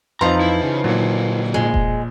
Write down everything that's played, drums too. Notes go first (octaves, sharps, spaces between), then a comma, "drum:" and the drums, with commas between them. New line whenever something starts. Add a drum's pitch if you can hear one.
F2 E3 F3 D#4 F5 A#5 C6
E4
C#3
A#2 D3 F#3 A#3
A#1 G#3
drum: kick E1